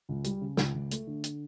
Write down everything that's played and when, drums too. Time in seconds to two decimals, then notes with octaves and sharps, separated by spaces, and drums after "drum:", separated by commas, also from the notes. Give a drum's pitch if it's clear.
0.09 C#2
0.24 G3, drum: hi-hat
0.41 C#3
0.57 C#2, drum: snare
0.74 C#2
0.91 A3, drum: hi-hat
1.07 D3
1.24 drum: hi-hat